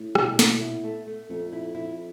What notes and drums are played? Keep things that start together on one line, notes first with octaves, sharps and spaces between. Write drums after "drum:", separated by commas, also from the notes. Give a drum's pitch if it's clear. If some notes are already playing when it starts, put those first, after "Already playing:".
Already playing: A2
B2, drum: rim click
B2, drum: snare
E4
A3
A3
F2 A3
E4
F2 E4